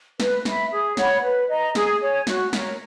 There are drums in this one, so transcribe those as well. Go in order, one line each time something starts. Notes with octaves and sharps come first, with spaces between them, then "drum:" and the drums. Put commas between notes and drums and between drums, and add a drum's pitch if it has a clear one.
B4, drum: snare
E5 B5, drum: snare
G#4
C#5 F#5 B5, drum: snare
B4
D#5 A#5
G#4, drum: snare
C#5 G#5
F#4, drum: snare
A#4 C#5, drum: snare